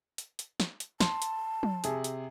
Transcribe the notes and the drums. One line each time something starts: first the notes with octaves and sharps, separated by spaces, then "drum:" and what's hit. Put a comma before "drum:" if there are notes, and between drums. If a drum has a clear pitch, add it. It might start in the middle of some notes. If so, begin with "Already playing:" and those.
drum: hi-hat
drum: hi-hat
drum: snare
drum: hi-hat
A5 C6, drum: snare
drum: hi-hat
drum: tom
C3 G#4, drum: hi-hat
drum: hi-hat